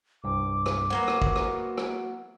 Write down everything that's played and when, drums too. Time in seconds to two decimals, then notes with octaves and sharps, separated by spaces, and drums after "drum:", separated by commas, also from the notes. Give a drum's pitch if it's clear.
0.24 C2 G2 D6
0.66 drum: rim click
0.90 F#3 A#3 B3 C5 A#5
1.08 drum: rim click
1.22 drum: kick
1.36 drum: rim click
1.78 drum: rim click